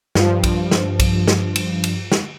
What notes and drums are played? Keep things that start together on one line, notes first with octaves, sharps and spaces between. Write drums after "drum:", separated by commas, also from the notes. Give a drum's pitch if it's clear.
G2 F3, drum: snare
drum: kick B1, cymbal
drum: snare
drum: kick B1, cymbal
drum: snare
drum: cymbal
drum: cymbal
drum: snare